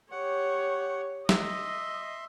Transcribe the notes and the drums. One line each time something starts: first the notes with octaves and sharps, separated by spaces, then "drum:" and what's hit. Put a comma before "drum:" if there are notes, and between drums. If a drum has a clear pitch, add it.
G4 C#5 F#5
D#5 E5 C6, drum: snare